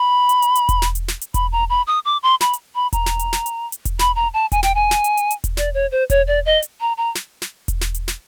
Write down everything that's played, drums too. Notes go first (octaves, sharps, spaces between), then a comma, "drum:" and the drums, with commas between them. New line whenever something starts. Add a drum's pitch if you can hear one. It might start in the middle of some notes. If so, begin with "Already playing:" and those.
Already playing: B5
drum: hi-hat
drum: hi-hat
drum: hi-hat
drum: kick E1, hi-hat
drum: snare
drum: hi-hat
drum: snare
drum: hi-hat
B5, drum: kick E1, hi-hat
A#5
B5
D#6
D6
C6
B5, drum: snare
drum: hi-hat
B5
A#5, drum: kick E1, hi-hat
drum: snare
drum: hi-hat
drum: snare
drum: hi-hat
drum: hi-hat
drum: kick E1, hi-hat
B5, drum: snare
A#5
A5
G#5, drum: kick E1, hi-hat
G5, drum: snare
G#5
drum: snare
drum: hi-hat
drum: hi-hat
drum: hi-hat
drum: kick E1, hi-hat
D5, drum: snare
C#5
C5
C#5, drum: kick E1, hi-hat
D5
D#5
drum: hi-hat
A#5
A#5
drum: snare
drum: snare
drum: kick E1, hi-hat
drum: snare
drum: hi-hat
drum: snare